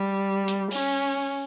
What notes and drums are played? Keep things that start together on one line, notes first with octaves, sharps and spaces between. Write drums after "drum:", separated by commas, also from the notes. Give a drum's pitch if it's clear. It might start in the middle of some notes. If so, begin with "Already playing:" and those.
Already playing: G3
drum: hi-hat
C#4, drum: open hi-hat